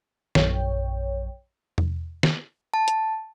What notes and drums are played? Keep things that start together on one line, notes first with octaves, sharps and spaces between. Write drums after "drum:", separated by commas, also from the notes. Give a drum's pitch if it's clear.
A#1 F#2 C#5 G5, drum: snare
drum: tom E2
drum: snare
A5
drum: hi-hat